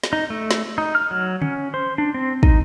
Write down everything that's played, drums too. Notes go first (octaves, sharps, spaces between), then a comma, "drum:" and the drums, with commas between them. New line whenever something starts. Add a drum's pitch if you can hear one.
drum: snare
D#4
A3
drum: snare
D#4
F6
F#3
C#4, drum: tom
C5
D4
C4
D#4, drum: kick